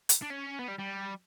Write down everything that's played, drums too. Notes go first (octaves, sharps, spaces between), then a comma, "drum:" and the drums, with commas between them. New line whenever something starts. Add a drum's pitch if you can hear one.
drum: hi-hat
D4
C#4
B3
G3
G3